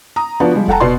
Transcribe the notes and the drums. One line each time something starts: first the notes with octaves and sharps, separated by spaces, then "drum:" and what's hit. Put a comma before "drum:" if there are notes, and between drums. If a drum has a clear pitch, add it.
A#5 D#6
F3 B3 D4 F#4
F3 G3 G#3
A4 F#5 G5 A5 A#5, drum: kick E1
B2 B3 D5 C6